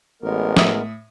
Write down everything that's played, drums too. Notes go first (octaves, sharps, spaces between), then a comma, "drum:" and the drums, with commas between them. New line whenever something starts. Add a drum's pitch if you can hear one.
A1 G#3 B3 A#4
A2 E5 D#6, drum: snare